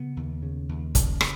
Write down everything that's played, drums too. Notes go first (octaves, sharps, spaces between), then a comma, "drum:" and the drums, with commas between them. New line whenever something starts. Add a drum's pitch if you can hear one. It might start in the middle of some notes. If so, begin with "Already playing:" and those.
Already playing: C#3 B3
D#2
C#3
D#2
C#3, drum: kick, hi-hat
drum: rim click